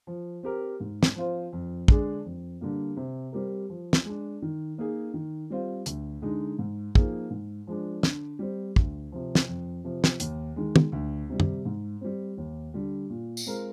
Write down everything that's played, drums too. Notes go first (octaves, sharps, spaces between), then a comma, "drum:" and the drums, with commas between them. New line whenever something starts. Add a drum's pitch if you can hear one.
F3
C4 G4 A#4
G#2
drum: snare
F3 C4 F4 C5
F2
D3 G#3 D4 G#4, drum: kick
F2
D3 G3 A#3
C3
G3 C4 G4 A#4
F3
drum: snare
G#3 D4
D#3
A#3 D#4 G#4
D#3
G3 C4 F4
D2, drum: hi-hat
D3 G#3 D#4
G#2
F3 A#3 D#4 G#4, drum: kick
G#2
F3 G#3 D4
D3, drum: snare
G3 C4
D2, drum: kick
C3 F3
drum: snare
F2
C3 F3
drum: snare
D#2, drum: hi-hat
D#3 G#3
drum: tom
D2
C3 G3
drum: tom
G#2
G3 C4
D#2
D3 G3
A#2
drum: tambourine
G#3 C4 F4 A#4